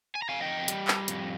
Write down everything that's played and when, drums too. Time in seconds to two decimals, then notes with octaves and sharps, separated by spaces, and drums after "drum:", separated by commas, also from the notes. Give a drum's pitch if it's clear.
0.15 G#5
0.22 A#5
0.29 F2 F5 G#5
0.41 D#5 G5
0.68 G3, drum: hi-hat
0.88 drum: clap
1.08 F2, drum: hi-hat